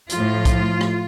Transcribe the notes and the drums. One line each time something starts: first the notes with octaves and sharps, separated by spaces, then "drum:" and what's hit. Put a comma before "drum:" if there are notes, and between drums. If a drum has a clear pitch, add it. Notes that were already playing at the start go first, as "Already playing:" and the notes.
A2 F3 F4, drum: hi-hat
drum: kick B1, hi-hat
drum: rim click